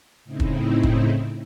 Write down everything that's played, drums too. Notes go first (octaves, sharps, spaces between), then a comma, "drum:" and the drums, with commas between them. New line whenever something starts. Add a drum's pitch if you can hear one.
A2 C#3 C4 D#4 E4
drum: kick
drum: kick